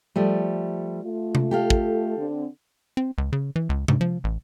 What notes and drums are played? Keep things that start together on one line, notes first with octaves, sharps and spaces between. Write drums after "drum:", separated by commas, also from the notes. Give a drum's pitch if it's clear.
F3 G3 A3
A3 F4
drum: tom C3
G4 A4 F5
drum: kick
D3 C4
C4
C#2
C#3
E3
C#2
G#2, drum: tom C3
F3
A1